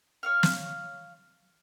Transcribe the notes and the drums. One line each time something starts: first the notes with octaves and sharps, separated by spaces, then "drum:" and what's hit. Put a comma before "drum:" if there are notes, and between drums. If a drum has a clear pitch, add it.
C#5 F5 F6
drum: snare